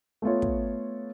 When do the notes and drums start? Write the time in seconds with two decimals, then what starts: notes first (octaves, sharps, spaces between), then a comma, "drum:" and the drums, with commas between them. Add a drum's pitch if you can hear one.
0.22 A3 B3 F4 C#5
0.42 drum: kick